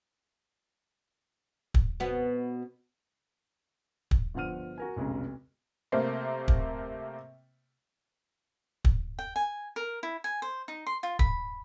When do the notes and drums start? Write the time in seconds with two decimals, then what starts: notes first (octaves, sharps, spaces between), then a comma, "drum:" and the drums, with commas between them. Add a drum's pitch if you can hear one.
1.74 drum: kick
2.00 B2 B3
4.11 drum: kick
4.34 G1 D3 F3 F#5 F6 D#7
4.78 F#4 A#4 G#5
4.96 F1 B1 C#3 G#3
5.92 C3 A3 A#3 C5
6.48 drum: kick
8.85 drum: kick
9.19 G5
9.36 G#5
9.76 A#4
10.03 E4
10.24 G#5
10.42 C5
10.68 D#4
10.87 C6
11.03 F4
11.19 B5, drum: kick